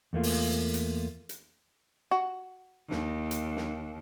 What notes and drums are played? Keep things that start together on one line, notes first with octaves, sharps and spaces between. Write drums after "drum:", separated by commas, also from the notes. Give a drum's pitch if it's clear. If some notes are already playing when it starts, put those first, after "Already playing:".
E2 A3 A#3 F4
drum: open hi-hat
drum: hi-hat
drum: hi-hat
F#4
D#2, drum: snare
drum: hi-hat
drum: snare